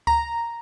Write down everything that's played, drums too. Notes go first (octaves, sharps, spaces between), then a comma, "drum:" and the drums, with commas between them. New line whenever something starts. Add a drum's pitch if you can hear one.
A#5, drum: kick C#2